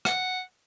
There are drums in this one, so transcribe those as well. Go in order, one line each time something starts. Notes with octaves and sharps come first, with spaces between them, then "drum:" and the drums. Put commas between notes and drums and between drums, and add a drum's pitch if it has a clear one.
F#5, drum: rim click